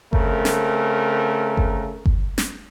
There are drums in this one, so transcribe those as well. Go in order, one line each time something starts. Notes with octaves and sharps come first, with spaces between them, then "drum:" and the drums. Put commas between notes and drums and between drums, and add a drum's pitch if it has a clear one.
C#3 A3 C4 A#4, drum: kick G1
drum: snare
drum: kick G1
drum: kick G1
drum: snare